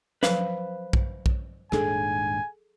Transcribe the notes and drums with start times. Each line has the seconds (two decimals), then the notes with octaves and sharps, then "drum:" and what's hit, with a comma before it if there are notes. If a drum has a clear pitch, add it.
0.23 F3 F#3 B4 C5 F5, drum: snare
0.93 drum: kick
1.26 drum: kick
1.72 D#1 G#2 D4 G#4 A4 G#5, drum: rim click